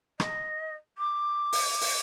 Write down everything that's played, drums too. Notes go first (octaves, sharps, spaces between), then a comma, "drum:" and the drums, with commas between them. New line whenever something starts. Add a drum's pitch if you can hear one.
D#5, drum: rim click
D6
drum: open hi-hat
drum: open hi-hat